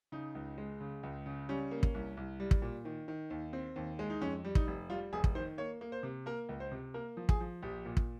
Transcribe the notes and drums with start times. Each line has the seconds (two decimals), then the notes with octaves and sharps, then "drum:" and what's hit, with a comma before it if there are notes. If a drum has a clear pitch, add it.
0.12 C#3 D#4
0.35 C#2
0.58 G#3
0.81 C#3
1.03 C#2
1.26 C#3
1.49 G3 C#4
1.71 A#3
1.83 drum: kick
1.94 C2
2.17 C2
2.40 G3
2.51 drum: kick
2.62 A#2
2.85 D#3
3.08 D#3
3.30 D#2
3.53 C4
3.76 D#2
3.99 G#3
4.10 D#4
4.21 F2 C#4
4.44 G3
4.55 D#4, drum: kick
4.67 F1
4.90 G3 F4
5.12 F1 G#4
5.24 drum: kick
5.35 D#3 C5
5.58 A#3 C#5
5.81 A#3
5.92 C5
6.03 C3
6.26 A#3 A#4
6.49 C#2
6.60 C5
6.71 C3
6.94 A#3 A#4
7.17 F3
7.29 G#4, drum: kick
7.40 F3
7.63 A#1 G4
7.86 A#2
7.97 drum: kick